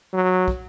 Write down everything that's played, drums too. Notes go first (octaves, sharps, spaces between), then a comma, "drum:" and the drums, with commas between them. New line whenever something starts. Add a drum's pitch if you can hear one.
F#3
drum: kick